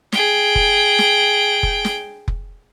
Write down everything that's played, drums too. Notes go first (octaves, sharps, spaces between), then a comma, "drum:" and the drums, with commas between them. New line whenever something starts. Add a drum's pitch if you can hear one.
G#4 G5, drum: snare
drum: kick F1
drum: snare
drum: kick F1
drum: snare
drum: kick F1